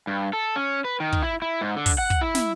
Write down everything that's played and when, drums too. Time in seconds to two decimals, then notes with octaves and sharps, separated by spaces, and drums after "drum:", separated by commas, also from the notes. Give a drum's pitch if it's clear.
0.07 G2
0.33 A4
0.56 C#4
0.85 B4
1.00 D#3
1.12 drum: kick
1.23 E4
1.42 E4
1.61 G#2
1.76 D3
1.86 drum: kick, open hi-hat
1.98 F#5
2.10 drum: kick
2.21 E4
2.35 drum: snare